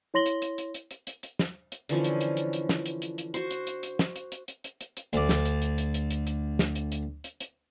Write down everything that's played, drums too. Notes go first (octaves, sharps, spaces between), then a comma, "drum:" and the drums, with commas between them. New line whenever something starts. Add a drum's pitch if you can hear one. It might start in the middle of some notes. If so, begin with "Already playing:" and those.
E4 C#5 C6 A#6 F#7 G7
drum: hi-hat
drum: hi-hat
drum: hi-hat
drum: hi-hat
drum: hi-hat
drum: hi-hat
drum: hi-hat
drum: snare
drum: hi-hat
D3 E3 F3 C#4, drum: hi-hat
drum: hi-hat
drum: hi-hat
drum: hi-hat
drum: hi-hat
drum: snare
drum: hi-hat
drum: hi-hat
drum: hi-hat
F#4 C5, drum: hi-hat
drum: hi-hat
drum: hi-hat
drum: hi-hat
drum: snare
drum: hi-hat
drum: hi-hat
drum: hi-hat
drum: hi-hat
drum: hi-hat
drum: hi-hat
D2 D5, drum: hi-hat
drum: snare
drum: hi-hat
drum: hi-hat
drum: hi-hat
drum: hi-hat
drum: hi-hat
drum: hi-hat
drum: snare
drum: hi-hat
drum: hi-hat
drum: hi-hat
drum: hi-hat